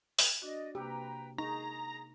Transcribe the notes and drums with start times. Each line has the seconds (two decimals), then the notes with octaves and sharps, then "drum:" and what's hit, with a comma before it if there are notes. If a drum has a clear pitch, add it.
0.19 drum: open hi-hat
0.42 D4 F#4 D5 D#5
0.75 C3 A#3 G4 B4 G5 A#5
1.38 D#4 G#4 A#5 C#6